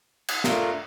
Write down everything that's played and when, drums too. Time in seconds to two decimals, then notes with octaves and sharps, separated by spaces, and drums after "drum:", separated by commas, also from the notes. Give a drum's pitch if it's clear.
0.28 drum: cymbal
0.44 A3 D4 F4 A#4, drum: snare